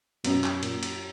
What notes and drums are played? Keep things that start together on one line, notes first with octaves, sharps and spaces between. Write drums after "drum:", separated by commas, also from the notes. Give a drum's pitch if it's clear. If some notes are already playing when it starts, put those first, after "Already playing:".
F#2 B2, drum: cymbal
drum: clap
A#2, drum: cymbal
drum: cymbal